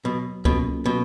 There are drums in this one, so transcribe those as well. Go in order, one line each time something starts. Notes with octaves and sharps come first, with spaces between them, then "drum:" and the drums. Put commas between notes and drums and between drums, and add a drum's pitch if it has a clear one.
B2 F#3
B2 A#3 C#4 F4 A4, drum: kick C#2
B2 F#3